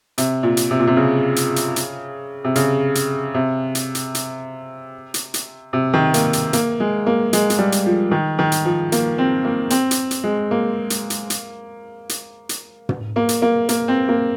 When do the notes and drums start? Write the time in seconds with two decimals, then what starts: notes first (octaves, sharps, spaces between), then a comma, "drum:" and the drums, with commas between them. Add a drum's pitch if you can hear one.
0.18 C3, drum: hi-hat
0.43 A#2
0.57 drum: hi-hat
0.71 C3
0.79 A#2
0.87 C3
0.96 C#3
1.36 drum: hi-hat
1.56 drum: hi-hat
1.76 drum: hi-hat
2.44 C3
2.55 C#3, drum: hi-hat
2.95 drum: hi-hat
3.34 C3
3.75 drum: hi-hat
3.95 drum: hi-hat
4.15 drum: hi-hat
5.14 drum: hi-hat
5.34 drum: hi-hat
5.73 C3
5.93 D#3
6.14 A#3, drum: hi-hat
6.33 drum: hi-hat
6.53 A#3, drum: hi-hat
6.80 G#3
7.06 A#3
7.33 G#3, drum: hi-hat
7.50 G#3, drum: hi-hat
7.58 G3
7.72 drum: hi-hat
7.86 F3
8.11 D#3
8.39 D#3
8.52 drum: hi-hat
8.65 F3
8.92 A#3, drum: hi-hat
9.18 C4
9.45 A#3
9.70 C4, drum: hi-hat
9.91 drum: hi-hat
10.11 drum: hi-hat
10.24 G#3
10.51 A#3
10.90 drum: hi-hat
11.10 drum: hi-hat
11.30 drum: hi-hat
12.09 drum: hi-hat
12.49 drum: hi-hat
12.89 drum: tom
13.16 A#3
13.29 drum: hi-hat
13.42 A#3
13.69 A#3, drum: hi-hat
13.88 C4
14.08 A#3